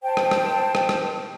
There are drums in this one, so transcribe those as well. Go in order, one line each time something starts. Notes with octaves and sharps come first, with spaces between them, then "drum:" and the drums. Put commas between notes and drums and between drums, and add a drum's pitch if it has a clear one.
C5 G5 A5
drum: rim click
drum: rim click
drum: rim click
drum: rim click